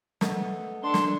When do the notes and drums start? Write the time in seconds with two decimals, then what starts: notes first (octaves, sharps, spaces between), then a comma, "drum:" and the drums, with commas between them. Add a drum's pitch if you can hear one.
0.21 A3 B3 D#5, drum: snare
0.83 D4 A4 C6
0.94 drum: snare